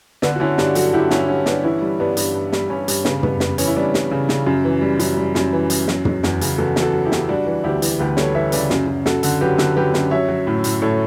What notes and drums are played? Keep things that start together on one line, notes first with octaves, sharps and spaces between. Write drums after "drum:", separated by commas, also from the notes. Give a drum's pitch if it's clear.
D3 B3 D4, drum: snare
F#4
D3 C#4 E4
G2 D4 F#4, drum: snare
F#3 F#4 A4, drum: hi-hat
D3 E4 G4
G2 C#4 E4, drum: snare
G2 C#4
G2 B3 D4, drum: snare
E3 C#4 E4
G3
G2 B3 D4
G2, drum: hi-hat
G2
G3, drum: snare
G2 C#4
G2, drum: hi-hat
C#3 B3, drum: snare
G3 B3, drum: tom
G3 B3, drum: snare
E3 C#4, drum: hi-hat
E4
G3 B3 D4
G3, drum: snare
C#3
C#3, drum: snare
F#2
E3
G3
F#2, drum: hi-hat
G3
F#2, drum: snare
E3
F#2, drum: hi-hat
F#3, drum: snare
F#3, drum: tom
E2, drum: snare
C#3, drum: hi-hat
E2 F#4 A4
E2, drum: snare
F#4 A4
F#3
E4 G4
C#3, drum: snare
G3 D4 F#4
E3
D2 E4 G4
E3, drum: hi-hat
D2 G4 B4
G3 A4 C#5, drum: snare
E3 C#5 E5
C#3 B4 D5, drum: hi-hat
F#2, drum: snare
F#2
F#3 F#4 A4, drum: snare
D3, drum: hi-hat
F#3 G4 B4
D3, drum: snare
F#3 G4 B4
F#2, drum: snare
F#3 C#5 E5
F#3
A2
A2, drum: hi-hat
A2 A4 C#5